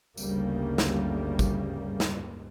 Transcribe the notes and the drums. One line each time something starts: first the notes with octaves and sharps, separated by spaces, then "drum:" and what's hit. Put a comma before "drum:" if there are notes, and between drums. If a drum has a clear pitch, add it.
G1 D2 C#3 G3 A#3, drum: tambourine
drum: snare
drum: kick, tambourine
drum: snare